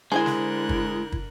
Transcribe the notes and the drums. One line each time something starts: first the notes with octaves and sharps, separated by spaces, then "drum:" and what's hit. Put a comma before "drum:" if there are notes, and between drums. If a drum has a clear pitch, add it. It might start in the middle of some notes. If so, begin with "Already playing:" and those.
D3 G#3 E4 G#4 A#4 C5 G#5 F#6
drum: snare
drum: kick
drum: kick